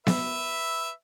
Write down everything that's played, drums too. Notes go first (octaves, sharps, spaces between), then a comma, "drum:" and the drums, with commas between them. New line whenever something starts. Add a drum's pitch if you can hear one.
B4 E5, drum: snare B3